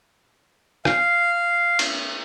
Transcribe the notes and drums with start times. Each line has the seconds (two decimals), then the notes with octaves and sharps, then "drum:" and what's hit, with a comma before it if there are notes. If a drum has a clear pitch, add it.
0.85 F5, drum: rim click
1.79 drum: cymbal